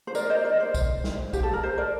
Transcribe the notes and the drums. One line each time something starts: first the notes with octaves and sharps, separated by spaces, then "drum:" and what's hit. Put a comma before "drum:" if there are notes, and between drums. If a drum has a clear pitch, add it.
C5
A#4 D5, drum: tambourine
C5 D#5
A#4 D5
C5
drum: kick B1, tambourine
drum: snare
G4, drum: kick B1, tambourine
A4
A#4
C5
A#4 D5